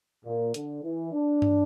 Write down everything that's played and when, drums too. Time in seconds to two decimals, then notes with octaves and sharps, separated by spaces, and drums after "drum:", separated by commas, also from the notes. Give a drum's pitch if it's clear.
0.25 A#2
0.54 D3, drum: hi-hat
0.83 E3
1.12 D4
1.42 drum: tom G2